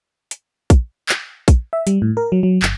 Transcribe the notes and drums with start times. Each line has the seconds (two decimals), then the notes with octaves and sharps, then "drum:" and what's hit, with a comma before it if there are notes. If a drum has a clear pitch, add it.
0.31 drum: hi-hat
0.70 drum: kick, hi-hat
1.09 drum: clap
1.48 drum: kick, hi-hat
1.73 E5
1.87 G3, drum: hi-hat
2.02 A2
2.17 A#4
2.32 F#3
2.43 F#3
2.62 G1, drum: clap